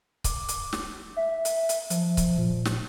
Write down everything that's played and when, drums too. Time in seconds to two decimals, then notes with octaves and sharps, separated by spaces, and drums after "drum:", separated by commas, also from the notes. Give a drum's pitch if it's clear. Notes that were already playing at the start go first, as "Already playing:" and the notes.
0.24 D6, drum: kick C#1, hi-hat
0.48 drum: hi-hat
0.73 drum: snare
1.16 E5
1.45 drum: hi-hat
1.69 drum: hi-hat
1.90 F3, drum: hi-hat
2.17 drum: kick C#1, hi-hat
2.38 A#2
2.65 drum: snare